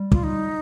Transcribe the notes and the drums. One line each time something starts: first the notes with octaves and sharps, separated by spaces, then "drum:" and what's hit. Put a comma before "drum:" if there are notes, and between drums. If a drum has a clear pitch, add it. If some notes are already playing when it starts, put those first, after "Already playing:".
Already playing: G3
F4, drum: kick
D#4